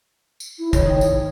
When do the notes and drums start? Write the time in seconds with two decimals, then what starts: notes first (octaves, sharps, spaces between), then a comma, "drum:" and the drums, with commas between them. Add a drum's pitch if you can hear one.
0.40 drum: tambourine
0.59 E4
0.73 D#3 C#5, drum: kick, tambourine
0.86 D#4 G5
1.01 drum: tambourine